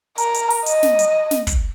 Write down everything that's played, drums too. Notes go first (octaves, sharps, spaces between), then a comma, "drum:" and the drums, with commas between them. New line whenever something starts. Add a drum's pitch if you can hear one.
A#4, drum: hi-hat
drum: hi-hat
drum: open hi-hat
D#5, drum: hi-hat
drum: snare
drum: hi-hat
drum: snare
drum: kick, hi-hat